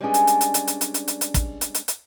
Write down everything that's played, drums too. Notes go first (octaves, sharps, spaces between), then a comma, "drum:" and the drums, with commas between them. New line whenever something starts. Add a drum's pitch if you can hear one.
G3 G#3 B3 C#4 D4 G#4
drum: hi-hat
drum: hi-hat
drum: hi-hat
drum: hi-hat
drum: hi-hat
drum: hi-hat
drum: hi-hat
drum: hi-hat
drum: hi-hat
drum: kick, hi-hat
drum: hi-hat
drum: hi-hat
drum: hi-hat